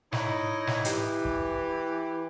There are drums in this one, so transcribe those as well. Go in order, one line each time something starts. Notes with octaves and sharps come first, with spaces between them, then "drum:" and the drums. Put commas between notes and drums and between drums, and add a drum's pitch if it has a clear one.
D#4 E4 C#5 D#5, drum: snare
drum: snare
E3 G4, drum: hi-hat
drum: kick